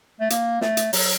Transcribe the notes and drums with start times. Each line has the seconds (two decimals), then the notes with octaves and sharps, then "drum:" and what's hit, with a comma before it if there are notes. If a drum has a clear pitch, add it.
0.21 A3
0.30 A#3, drum: hi-hat
0.61 A3, drum: snare
0.77 drum: hi-hat
0.93 F#3, drum: open hi-hat